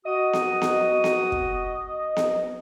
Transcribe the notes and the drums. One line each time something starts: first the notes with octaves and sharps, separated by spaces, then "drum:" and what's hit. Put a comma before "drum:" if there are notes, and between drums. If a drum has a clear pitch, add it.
F#4 D#5 D#6
drum: snare B3
drum: snare B3
drum: snare B3
drum: kick
drum: snare B3